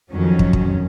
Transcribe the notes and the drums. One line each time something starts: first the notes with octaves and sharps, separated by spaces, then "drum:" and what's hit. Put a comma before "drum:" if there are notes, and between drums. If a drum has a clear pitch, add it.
F2 D#3 F#3 C#4
drum: kick
drum: kick